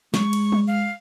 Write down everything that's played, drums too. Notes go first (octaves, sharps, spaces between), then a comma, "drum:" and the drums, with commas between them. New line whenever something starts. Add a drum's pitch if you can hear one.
G#3 C#6, drum: snare
drum: cymbal
drum: tom F#3
F5